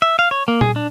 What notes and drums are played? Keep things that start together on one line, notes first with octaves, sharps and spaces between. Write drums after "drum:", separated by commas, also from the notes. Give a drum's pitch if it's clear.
E5
F5
C#5
A#3
G#4, drum: tom A#2
D4